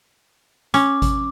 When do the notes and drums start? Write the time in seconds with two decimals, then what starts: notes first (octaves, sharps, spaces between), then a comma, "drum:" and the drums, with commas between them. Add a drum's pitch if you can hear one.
0.74 C#4 D6, drum: hi-hat
1.02 drum: kick G#1, hi-hat